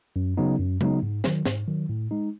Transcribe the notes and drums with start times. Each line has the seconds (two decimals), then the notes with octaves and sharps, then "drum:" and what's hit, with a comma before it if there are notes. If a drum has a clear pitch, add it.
0.16 F#2
0.37 C#3 F#3 B3 D#4
0.59 F#2
0.81 C#3 F#3 B3 D#4, drum: tom G#3
1.03 G#2
1.24 D#3 F#3, drum: snare
1.45 G#2, drum: snare
1.68 D#3 F#3
1.89 A2
2.11 G#3 D#4